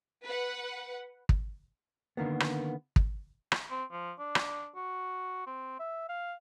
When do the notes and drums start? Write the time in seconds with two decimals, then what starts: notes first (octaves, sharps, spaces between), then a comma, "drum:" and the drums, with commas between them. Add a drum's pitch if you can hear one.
0.24 B4 F#5
1.29 drum: kick
2.17 D3 D#3 A#3 B3
2.40 drum: rim click
2.96 drum: kick
3.52 drum: rim click
3.70 C4
3.91 F3
4.19 D4
4.35 drum: rim click
4.75 F#4
5.46 C4
5.79 E5
6.09 F5